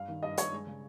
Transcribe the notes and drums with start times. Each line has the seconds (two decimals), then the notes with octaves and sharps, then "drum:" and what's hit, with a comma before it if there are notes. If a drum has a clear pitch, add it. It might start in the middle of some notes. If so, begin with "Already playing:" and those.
Already playing: G2 F5
0.08 D#3
0.23 G2 D#5
0.37 G2 C#5, drum: hi-hat
0.52 G#3
0.67 C#3